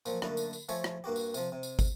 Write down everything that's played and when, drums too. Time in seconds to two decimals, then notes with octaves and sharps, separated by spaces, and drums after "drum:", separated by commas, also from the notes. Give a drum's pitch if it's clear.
0.06 A#2 F3 F#3, drum: tambourine
0.22 F#2 D3 A3 A#3, drum: rim click
0.37 drum: tambourine
0.53 drum: tambourine
0.69 F3 A3 C#5 E5 G#5, drum: tambourine
0.84 drum: rim click
1.04 G2 A#3 F#4 G4
1.16 drum: tambourine
1.34 C3 F3, drum: tambourine
1.52 C3
1.63 drum: tambourine
1.79 drum: kick, tambourine